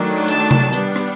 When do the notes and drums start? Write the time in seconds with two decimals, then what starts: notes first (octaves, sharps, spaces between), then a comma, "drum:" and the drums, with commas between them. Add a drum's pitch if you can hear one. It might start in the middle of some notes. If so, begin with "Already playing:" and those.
Already playing: D#3 F#3 A3 D4
0.28 A5, drum: hi-hat
0.51 drum: tom C3
0.73 G3 B3 D4, drum: hi-hat
0.96 drum: rim click